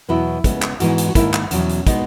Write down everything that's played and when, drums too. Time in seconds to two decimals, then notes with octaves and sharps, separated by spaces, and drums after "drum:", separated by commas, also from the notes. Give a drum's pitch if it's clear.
0.09 E2 B2 F#3 B3 E4
0.44 C#3 G#3 B3, drum: kick, hi-hat
0.62 drum: clap
0.80 G#2 E3 G#3 B3 F#4, drum: hi-hat
0.98 drum: hi-hat
1.09 F#4
1.15 G#2 D#3 A#3 E4, drum: kick, hi-hat
1.34 drum: clap
1.51 E2 B2 F#3 C#4, drum: hi-hat
1.69 drum: hi-hat
1.87 B2 G#3 B3 D#4, drum: kick, hi-hat